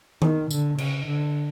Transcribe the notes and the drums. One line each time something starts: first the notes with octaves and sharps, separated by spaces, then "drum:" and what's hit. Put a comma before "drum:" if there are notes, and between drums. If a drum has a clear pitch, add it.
D#3, drum: tom D#3
D3, drum: tambourine
C#3, drum: cymbal
D3